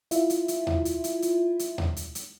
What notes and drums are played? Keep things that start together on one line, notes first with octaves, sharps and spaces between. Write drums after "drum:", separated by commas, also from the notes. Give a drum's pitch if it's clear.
E4 F4 E5, drum: hi-hat
drum: hi-hat
drum: hi-hat
drum: tom D#2
drum: hi-hat
drum: hi-hat
drum: hi-hat
drum: hi-hat
drum: tom D#2
drum: hi-hat
drum: hi-hat